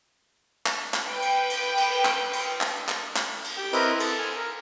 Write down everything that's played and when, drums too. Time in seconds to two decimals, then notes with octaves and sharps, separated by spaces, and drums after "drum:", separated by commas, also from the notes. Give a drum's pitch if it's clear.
0.66 drum: clap
0.94 drum: clap
1.07 B4 G5
1.22 drum: cymbal
1.50 drum: cymbal
1.77 drum: cymbal
2.05 drum: clap
2.33 drum: cymbal
2.61 drum: clap
2.89 drum: clap
3.16 drum: clap
3.44 drum: cymbal
3.57 G4 G5
3.73 C4 E4 A#4 B4 D#5 D6, drum: cymbal
4.00 A4, drum: cymbal
4.18 G#5 F6
4.36 A#4